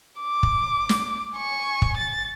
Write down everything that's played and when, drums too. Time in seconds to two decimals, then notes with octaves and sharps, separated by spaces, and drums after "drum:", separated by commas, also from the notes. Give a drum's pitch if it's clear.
0.21 D6
0.43 drum: kick
0.89 drum: snare
1.36 G#5 C#6
1.82 drum: kick
1.98 A6